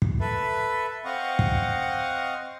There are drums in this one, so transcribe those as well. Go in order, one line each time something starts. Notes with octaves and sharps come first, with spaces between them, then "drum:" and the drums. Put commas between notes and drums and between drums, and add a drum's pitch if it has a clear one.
drum: kick
A4 B4 E5
C4 D#5 F5 F#5 C#6
drum: kick